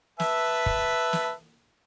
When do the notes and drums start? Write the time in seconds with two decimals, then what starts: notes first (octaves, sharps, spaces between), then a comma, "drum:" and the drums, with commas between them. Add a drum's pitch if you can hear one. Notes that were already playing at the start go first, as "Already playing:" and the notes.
0.20 B4 E5 A5, drum: snare
0.66 drum: kick
1.13 drum: snare